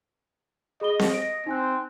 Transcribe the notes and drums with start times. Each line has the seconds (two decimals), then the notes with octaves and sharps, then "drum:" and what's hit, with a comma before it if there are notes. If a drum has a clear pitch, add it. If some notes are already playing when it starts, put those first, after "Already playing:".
0.81 G#4 D#5 B5 G7
0.99 drum: snare C4
1.14 A#6 D7
1.46 C4 D#4 G#5 F#6